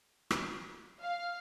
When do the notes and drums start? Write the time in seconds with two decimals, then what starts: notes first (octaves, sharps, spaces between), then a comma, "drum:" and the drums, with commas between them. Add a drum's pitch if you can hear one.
0.31 drum: rim click
1.03 F5